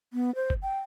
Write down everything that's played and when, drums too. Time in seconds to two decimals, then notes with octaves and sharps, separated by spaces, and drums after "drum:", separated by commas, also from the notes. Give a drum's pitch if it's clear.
0.13 B3
0.35 C5
0.50 drum: kick G1
0.62 G5